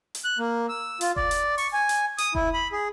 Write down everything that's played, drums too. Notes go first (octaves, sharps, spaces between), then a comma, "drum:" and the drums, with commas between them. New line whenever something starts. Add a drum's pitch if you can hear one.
drum: hi-hat
F#6
A#3
E6
F4, drum: hi-hat
D5, drum: kick F1
drum: hi-hat
C#6, drum: open hi-hat
G#5
drum: hi-hat
D#6, drum: hi-hat
E4, drum: kick F1
B5
G#4